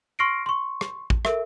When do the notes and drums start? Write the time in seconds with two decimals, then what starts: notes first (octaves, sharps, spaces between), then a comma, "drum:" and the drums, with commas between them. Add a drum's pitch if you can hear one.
0.19 C6 C#6 F6 A#6 C7 D7
0.46 C6 C#6
0.81 drum: rim click
1.10 drum: kick
1.25 A4 A#4 E5, drum: rim click